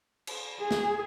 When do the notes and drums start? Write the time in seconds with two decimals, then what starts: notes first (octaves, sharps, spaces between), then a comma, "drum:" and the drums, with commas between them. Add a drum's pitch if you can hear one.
0.27 drum: cymbal
0.61 G#4
0.71 drum: snare